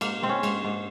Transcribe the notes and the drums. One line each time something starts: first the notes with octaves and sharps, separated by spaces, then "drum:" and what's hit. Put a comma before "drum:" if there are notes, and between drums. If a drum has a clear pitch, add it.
G#2 A#3, drum: cymbal
G#2 C4
C#4
G#2, drum: cymbal
G#2